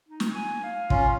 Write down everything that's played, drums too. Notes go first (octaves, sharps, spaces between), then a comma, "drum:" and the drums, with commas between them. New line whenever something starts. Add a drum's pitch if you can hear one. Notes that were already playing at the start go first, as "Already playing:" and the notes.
D#4
drum: snare
G#5
F5
C#4 F4, drum: kick